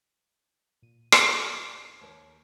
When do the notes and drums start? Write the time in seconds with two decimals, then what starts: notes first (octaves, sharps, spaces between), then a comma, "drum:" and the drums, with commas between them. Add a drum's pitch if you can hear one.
0.82 A#2 D#7
1.12 B1 G2 D3 D#4 C5 C#5, drum: rim click
1.45 G#5 F6
2.01 D#2 A#4 C#5